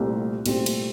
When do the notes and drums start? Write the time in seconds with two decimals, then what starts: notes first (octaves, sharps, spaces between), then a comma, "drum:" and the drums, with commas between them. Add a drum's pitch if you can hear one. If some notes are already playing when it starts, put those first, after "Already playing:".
Already playing: C2 A#2 A3 C4 G4
0.46 C2 A#2 A3 C4 G4, drum: cymbal
0.66 drum: cymbal